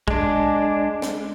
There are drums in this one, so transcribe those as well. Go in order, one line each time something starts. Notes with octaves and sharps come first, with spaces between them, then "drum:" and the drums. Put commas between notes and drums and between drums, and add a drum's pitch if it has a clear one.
G#3 D4, drum: kick
drum: snare